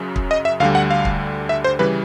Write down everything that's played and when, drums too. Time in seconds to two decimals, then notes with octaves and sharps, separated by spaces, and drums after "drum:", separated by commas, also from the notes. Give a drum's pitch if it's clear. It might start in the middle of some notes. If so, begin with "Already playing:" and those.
Already playing: F#2 C#3 F#3
0.16 drum: kick
0.31 D#5
0.45 E5
0.60 D2 D3 G3 F5
0.75 F#5
0.91 F5
1.05 drum: kick
1.49 E5
1.64 C5
1.79 C#3 E3 G3 B4